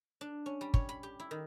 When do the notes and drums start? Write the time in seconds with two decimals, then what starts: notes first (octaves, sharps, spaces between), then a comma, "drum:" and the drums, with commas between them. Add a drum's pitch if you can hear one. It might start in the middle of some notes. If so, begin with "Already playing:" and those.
0.21 D4
0.46 C#4
0.61 G3
0.74 C#5, drum: kick
0.89 B5
1.03 G4
1.20 E4
1.31 D#3